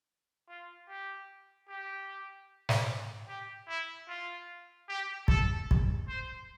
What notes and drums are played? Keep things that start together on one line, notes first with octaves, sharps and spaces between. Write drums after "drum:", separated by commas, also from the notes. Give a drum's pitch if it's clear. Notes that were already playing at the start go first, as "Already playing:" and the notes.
F4
G4
G4
drum: snare
G4
E4
F4
G4
A4, drum: kick
drum: kick
C5